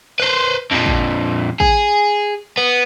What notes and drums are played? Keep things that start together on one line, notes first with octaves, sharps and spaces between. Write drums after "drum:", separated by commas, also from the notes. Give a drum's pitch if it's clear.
B4 C5
F2 A#2
drum: kick A1
G#4, drum: kick A1
B3